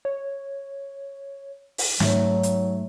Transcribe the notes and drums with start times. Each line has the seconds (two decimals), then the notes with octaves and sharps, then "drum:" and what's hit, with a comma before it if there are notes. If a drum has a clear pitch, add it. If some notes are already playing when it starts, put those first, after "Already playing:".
0.05 C#5
1.78 drum: open hi-hat
2.00 G#2 F#3 A3, drum: snare
2.43 drum: hi-hat